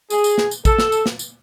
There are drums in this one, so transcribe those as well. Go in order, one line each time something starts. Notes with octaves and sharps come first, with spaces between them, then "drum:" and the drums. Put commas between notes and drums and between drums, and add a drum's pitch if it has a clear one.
G#4, drum: tambourine
drum: tambourine
drum: snare
drum: tambourine
A4, drum: kick, tambourine
drum: snare
drum: tambourine
drum: snare
drum: tambourine